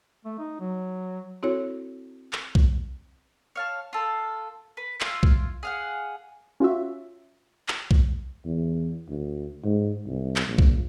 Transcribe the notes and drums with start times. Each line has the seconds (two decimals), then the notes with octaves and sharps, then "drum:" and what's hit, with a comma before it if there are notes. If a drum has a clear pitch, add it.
0.25 A3
0.39 D#4
0.60 F#3
1.43 C4 E4 F#4 A4 C#5
2.33 drum: clap
2.55 drum: kick B1
3.55 C#5 F5 A5
3.93 F4 A4
4.77 B4
5.01 E4 F4, drum: clap
5.23 drum: kick B1
5.63 G#4 F5 F#5
6.60 C#4 F4 F#4 E5
7.68 drum: clap
7.91 drum: kick B1
8.45 E2
9.09 D2
9.64 G#2
10.07 C2
10.36 drum: clap
10.47 A#1
10.58 drum: kick B1